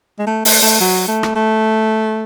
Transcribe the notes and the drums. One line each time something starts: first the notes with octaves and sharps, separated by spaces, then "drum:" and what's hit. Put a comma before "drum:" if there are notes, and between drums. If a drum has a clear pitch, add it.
G#3
A3
A3, drum: open hi-hat
A3
F#3
A3
drum: rim click
A3